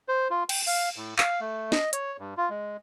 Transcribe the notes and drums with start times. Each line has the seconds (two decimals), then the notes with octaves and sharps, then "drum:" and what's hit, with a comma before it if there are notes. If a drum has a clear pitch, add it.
0.08 C5
0.30 F4
0.49 G5, drum: cymbal
0.67 F5, drum: open hi-hat
0.96 A2
1.18 F5, drum: clap
1.40 A3
1.72 D#5, drum: snare
1.93 C#5, drum: hi-hat
2.19 G2
2.37 F4
2.50 G#3